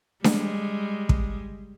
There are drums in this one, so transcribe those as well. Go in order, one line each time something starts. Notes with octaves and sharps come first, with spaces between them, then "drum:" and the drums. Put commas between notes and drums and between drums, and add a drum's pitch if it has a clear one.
G3 G#3, drum: snare D4
drum: kick